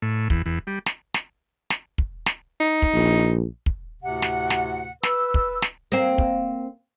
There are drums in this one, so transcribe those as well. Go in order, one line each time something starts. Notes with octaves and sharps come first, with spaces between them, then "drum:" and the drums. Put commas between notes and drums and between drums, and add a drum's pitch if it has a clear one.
A2
E2, drum: kick
E2
G3
drum: snare
drum: snare
drum: snare
drum: kick
drum: snare
D#4
drum: kick
A#1
drum: kick
D2 A2 C3 F#5
drum: snare
drum: snare
B4 E6, drum: snare
drum: kick
drum: snare
A#3 C4
drum: kick